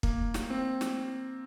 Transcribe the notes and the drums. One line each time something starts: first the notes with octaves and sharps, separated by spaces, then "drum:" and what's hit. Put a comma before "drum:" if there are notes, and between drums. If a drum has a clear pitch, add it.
A#3, drum: kick
drum: snare
C4
drum: snare